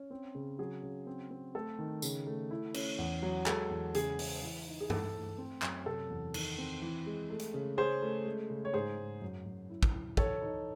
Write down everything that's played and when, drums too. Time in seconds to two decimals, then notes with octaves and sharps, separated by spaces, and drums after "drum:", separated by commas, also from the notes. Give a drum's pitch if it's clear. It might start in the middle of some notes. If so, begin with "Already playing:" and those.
Already playing: C#4
0.10 C4
0.35 C#3
0.59 F#3 G#4
0.83 C#3
1.07 C4
1.30 C4
1.55 A3 A4
1.79 D#3
2.02 C#3, drum: tambourine
2.27 A3
2.51 E4
2.74 C#4, drum: cymbal
2.98 E2
3.22 F#3
3.46 G#3 A4, drum: clap
3.70 E2
3.94 C#3 G#4, drum: hi-hat
4.19 C#3, drum: open hi-hat
4.42 E3
4.67 D#4
4.80 G#4
4.90 E3 A4, drum: tom G2
5.14 A3
5.38 C4
5.62 F#2, drum: clap
5.86 C3 A4
6.10 E2
6.34 D#3, drum: cymbal
6.58 C4
6.82 E3
7.06 G#3
7.30 A3
7.40 drum: hi-hat
7.54 C#3
7.77 C#4 G#4 C5
8.02 A3
8.26 G#3
8.50 C#3
8.65 C#5
8.73 G#2 G#4 C5
8.98 G#2
9.22 F#2
9.46 F#2
9.70 E4
9.83 drum: kick
9.94 E4
10.17 E3 A4 C#5, drum: kick
10.42 D#4